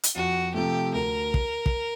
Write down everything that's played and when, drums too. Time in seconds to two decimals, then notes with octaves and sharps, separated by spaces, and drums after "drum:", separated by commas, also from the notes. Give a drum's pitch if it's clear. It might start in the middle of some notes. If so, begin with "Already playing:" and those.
0.03 drum: hi-hat
0.15 F2 F#4
0.54 C3 F3 A3 G4
0.94 D2 A#4
1.34 drum: kick
1.66 drum: kick